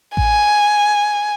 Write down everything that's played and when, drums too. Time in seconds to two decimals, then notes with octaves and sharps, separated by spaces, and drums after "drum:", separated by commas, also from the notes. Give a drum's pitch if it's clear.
0.17 G#5, drum: kick A1